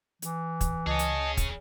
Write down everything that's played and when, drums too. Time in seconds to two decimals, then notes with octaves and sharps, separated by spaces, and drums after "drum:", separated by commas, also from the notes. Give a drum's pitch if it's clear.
0.22 E3, drum: hi-hat
0.61 drum: kick, hi-hat
0.87 C#2 G#4 C#5 D#5 G#5 A5
0.99 drum: hi-hat
1.37 drum: kick, hi-hat